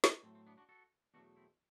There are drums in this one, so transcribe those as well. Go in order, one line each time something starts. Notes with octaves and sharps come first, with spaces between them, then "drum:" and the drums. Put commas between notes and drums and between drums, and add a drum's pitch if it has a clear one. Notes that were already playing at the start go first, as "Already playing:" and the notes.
drum: snare
A2 F#3 A3 C4
C4
B3 D4
D4 F#4
F#4 A4
E2 B2 F#3 A3 D4 F#4
C4 E4